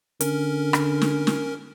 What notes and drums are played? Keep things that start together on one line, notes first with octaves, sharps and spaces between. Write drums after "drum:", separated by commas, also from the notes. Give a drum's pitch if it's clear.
D3 C#4 A#4, drum: hi-hat
drum: rim click
drum: snare
drum: snare